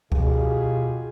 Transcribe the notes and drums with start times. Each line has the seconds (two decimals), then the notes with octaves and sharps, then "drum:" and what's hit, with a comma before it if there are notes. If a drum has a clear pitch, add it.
0.12 B2 F4 G4 G#4, drum: kick C#2